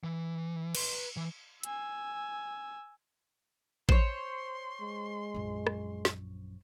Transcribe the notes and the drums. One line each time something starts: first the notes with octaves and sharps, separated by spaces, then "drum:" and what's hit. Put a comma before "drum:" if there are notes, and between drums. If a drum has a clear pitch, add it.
E3
B4 C6, drum: cymbal
E3
G#5 E6, drum: hi-hat
C5 C#5 C6, drum: kick A1
G#3
A#1 F#2
drum: rim click
drum: snare